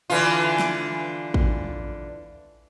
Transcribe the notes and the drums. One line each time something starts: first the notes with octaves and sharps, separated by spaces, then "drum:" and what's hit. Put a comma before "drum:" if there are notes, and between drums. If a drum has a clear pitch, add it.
D3 E3 F4
drum: snare
drum: kick A1